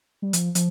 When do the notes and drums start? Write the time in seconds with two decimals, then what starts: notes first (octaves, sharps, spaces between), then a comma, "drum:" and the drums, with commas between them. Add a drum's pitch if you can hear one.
0.22 G3
0.33 F3, drum: hi-hat
0.55 F3, drum: hi-hat